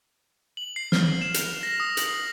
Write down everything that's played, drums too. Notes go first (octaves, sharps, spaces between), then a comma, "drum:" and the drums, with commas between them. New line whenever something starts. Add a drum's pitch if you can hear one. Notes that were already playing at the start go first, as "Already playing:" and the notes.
F#7
C7
F6, drum: snare
E7
F7, drum: hi-hat
A#6
D#6
F#7, drum: hi-hat